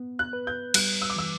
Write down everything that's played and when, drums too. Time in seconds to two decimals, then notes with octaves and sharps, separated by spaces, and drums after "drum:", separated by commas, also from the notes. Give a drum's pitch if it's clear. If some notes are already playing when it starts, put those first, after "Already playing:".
Already playing: B3
0.19 F#6
0.33 B4
0.47 G6
0.74 G3 F#6, drum: cymbal
1.02 E6
1.10 D6
1.16 E3 E6